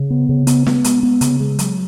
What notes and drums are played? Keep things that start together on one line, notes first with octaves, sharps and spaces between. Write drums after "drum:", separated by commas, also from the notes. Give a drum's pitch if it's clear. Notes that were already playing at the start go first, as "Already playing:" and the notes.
Already playing: C#3
B3
C#3
B3, drum: hi-hat
B3, drum: snare
G#3, drum: hi-hat
B3
C#3, drum: hi-hat
G#3
F#3, drum: hi-hat